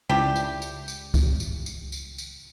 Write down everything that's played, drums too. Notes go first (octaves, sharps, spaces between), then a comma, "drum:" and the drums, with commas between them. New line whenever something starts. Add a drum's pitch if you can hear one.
C#2 D4 E4 G4 G5
drum: tambourine
drum: tambourine
drum: tambourine
drum: kick C#2, tambourine
drum: tambourine
drum: tambourine
drum: tambourine
drum: tambourine